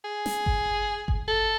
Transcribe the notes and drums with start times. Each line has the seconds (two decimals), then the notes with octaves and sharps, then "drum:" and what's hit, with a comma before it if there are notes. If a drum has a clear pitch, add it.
0.05 G#4
0.26 drum: snare
0.46 drum: kick G1
1.08 drum: kick G1
1.28 A4